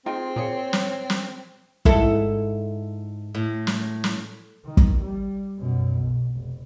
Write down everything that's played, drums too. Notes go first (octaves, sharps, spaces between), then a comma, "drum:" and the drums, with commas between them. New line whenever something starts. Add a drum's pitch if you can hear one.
C4 D#4 F4 G#4 G5
A#2 G#4 C#5 C#7
drum: snare
drum: snare
G#2 E4 A4, drum: kick
A2
drum: snare
drum: snare
D#3
drum: kick
G3
F#2 B2
B1
F1